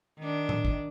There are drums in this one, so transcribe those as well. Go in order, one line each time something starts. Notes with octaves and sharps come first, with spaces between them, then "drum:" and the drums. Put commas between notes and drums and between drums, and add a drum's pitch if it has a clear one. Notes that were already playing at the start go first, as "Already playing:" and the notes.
D#3 D4
drum: tom A2
drum: kick